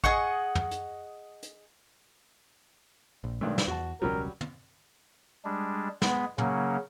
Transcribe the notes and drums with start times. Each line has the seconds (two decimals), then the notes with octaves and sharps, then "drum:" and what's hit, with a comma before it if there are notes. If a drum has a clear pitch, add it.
0.04 G#4 D#5 F#5 C#6, drum: kick
0.55 drum: tom
0.71 drum: hi-hat
1.43 drum: hi-hat
3.24 A#1
3.41 B1 D#3 G#3 A3 D4
3.58 drum: snare
3.67 E2 F#4 A5
4.02 E1 C#2 F#3 G3 C#4 A#4
4.41 drum: tom
5.45 G3 G#3 D4
6.02 G#3 B3, drum: snare
6.38 C#3 F#3 A#3 C#4, drum: tom